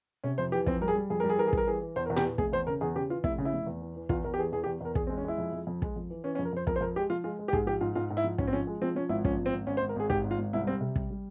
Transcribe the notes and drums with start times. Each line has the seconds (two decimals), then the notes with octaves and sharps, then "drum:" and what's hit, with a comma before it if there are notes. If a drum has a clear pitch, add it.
0.24 C3 C#4
0.38 F2 C5
0.52 E3 G4
0.66 F2 C4, drum: kick
0.81 G3 A#4
0.88 G#4
0.96 G3
1.10 F2 G#4
1.20 G3 A#4
1.30 G#4
1.38 E3 A#4
1.47 G#4
1.53 G3 A#4, drum: kick
1.67 E3 G#4
1.82 E3
1.96 E2 C5
2.06 A#4
2.10 E2
2.16 G4, drum: tom
2.25 E3
2.38 F1 G#4, drum: kick
2.53 E2 C5
2.67 C#3 A#4
2.81 E2 G#4
2.95 C#3 G4
3.10 E3 F4
3.24 F1 E4, drum: kick
3.38 C#3
3.45 E4
3.53 F1
3.67 E2
3.82 E3
3.96 E3
4.09 E2 F4, drum: kick
4.24 E2 A#4
4.34 G4
4.38 E3 G#4
4.52 E2 G#4
4.64 G4
4.66 E2
4.81 E2 A#4
4.95 E2 G#4, drum: kick
5.07 G#3 C4
5.18 C#4
5.24 G#3 E4
5.38 F2
5.53 F2
5.67 F2
5.82 G#3, drum: kick
5.96 F2
6.10 E3
6.24 E3 C#4
6.35 C#4
6.39 F2
6.45 A#4
6.53 F2 C5
6.67 F2 A#4, drum: kick
6.76 C5
6.81 F2 A#4
6.96 G#3 G4
7.10 F3 F4
7.24 G#3 F4
7.39 G#3
7.48 G4
7.53 G#2 G#4, drum: kick
7.66 F3 G4
7.81 G#2 F4
7.95 G#2 F4
8.10 G#2
8.17 E4
8.24 F3
8.38 G#2 C#4, drum: kick
8.47 C4
8.53 F3 C#4
8.67 G#3
8.81 F3 C4
8.95 F3 C#4
9.09 G#1 E4
9.25 F3 C#4, drum: kick
9.39 G#1
9.46 C4
9.53 G#1
9.67 G#1 C#4
9.77 C5
9.82 G#1
9.89 A#4
9.96 G#1 G#4
10.10 G#2 G4, drum: kick
10.24 G#1
10.31 F4
10.38 G#1
10.53 C2 E4
10.67 G3 C4
10.81 C3
10.96 G3, drum: kick
11.10 G3